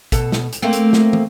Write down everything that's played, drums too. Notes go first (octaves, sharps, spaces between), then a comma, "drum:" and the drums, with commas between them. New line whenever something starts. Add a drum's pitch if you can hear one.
B2 A4, drum: kick, hi-hat
drum: snare
drum: hi-hat
A3 A#3 C4
drum: hi-hat
drum: snare
drum: tom